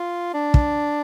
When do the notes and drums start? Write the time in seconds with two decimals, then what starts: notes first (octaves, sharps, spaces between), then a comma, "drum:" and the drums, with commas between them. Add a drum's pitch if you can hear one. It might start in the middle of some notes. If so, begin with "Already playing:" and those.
Already playing: F4
0.34 D4
0.54 drum: kick